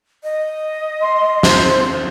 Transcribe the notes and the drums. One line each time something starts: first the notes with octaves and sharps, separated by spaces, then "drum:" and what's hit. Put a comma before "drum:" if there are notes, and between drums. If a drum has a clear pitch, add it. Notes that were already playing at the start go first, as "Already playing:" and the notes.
D#5
C6
C5, drum: snare